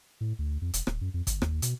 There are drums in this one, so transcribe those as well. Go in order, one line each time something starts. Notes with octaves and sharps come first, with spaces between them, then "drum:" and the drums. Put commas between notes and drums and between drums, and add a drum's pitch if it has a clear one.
A2
D2
F2
E1, drum: hi-hat
D1, drum: rim click
F#2
F2
G1, drum: kick, hi-hat
D#2, drum: rim click
B2, drum: hi-hat